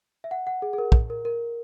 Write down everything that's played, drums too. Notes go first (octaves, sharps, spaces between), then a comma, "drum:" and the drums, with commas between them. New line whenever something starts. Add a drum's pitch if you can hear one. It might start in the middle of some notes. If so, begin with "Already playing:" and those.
E5
F#5
F#5
G#4
G#4
A#4
drum: kick
A#4
A#4